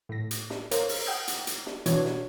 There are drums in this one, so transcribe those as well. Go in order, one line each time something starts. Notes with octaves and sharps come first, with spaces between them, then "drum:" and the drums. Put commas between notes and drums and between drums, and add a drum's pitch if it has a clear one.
A2 A#6
drum: hi-hat
drum: snare
A#4 C5 C#5 F5 A#5 F6, drum: hi-hat
drum: open hi-hat
F#5 G5 D#6 G6
drum: hi-hat
drum: hi-hat
drum: snare
B2 E3 D4 F#4 C#5 G#6, drum: hi-hat
drum: snare